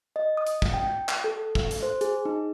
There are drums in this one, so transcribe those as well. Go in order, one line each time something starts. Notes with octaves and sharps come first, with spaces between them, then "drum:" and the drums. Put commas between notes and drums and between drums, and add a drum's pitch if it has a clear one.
D#5
D#6
drum: hi-hat
drum: kick
G5
drum: clap
A4
drum: kick
drum: hi-hat
C5
G#4, drum: hi-hat
D#4